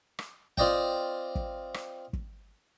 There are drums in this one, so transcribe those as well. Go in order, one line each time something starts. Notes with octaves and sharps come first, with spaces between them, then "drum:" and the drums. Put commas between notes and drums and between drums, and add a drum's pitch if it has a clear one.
drum: rim click
C4 F4 D5 D#5 G5, drum: kick
drum: kick
drum: rim click
drum: kick